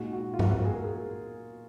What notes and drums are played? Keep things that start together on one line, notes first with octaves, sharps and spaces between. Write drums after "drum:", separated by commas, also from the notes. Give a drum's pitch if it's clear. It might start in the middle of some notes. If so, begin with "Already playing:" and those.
Already playing: A#2 G#3 D#4 F#4
F#4
F4
F#4, drum: tom G2
G#4
A#4
G#4